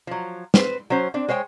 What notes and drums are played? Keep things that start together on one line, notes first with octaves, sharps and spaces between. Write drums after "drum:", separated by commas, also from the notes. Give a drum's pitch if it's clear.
F3 F#3
C4 B4 C5, drum: snare
F#3 C#4 C5
C4 D4
G#3 C5 C#5 F#5 G5